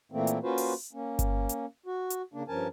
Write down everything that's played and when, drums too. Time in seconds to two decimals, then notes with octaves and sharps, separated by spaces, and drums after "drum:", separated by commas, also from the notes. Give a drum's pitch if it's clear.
0.12 A#2 E3 A3 A#3 C4
0.27 drum: hi-hat
0.43 A#3 C#4 F4 F#4 B4 C5
0.58 drum: open hi-hat
0.93 A#3 C#4
1.19 drum: kick G1, hi-hat
1.49 drum: hi-hat
1.86 F#4
2.10 drum: hi-hat
2.33 C#3 A#3 D4
2.48 G2 F3 C#4 A#4 G#5 A5